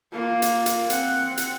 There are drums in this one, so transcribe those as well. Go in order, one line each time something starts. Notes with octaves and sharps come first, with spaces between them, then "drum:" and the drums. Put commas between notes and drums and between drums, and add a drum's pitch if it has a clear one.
A#3 F4
drum: hi-hat
drum: hi-hat
C4 F#5, drum: hi-hat
drum: hi-hat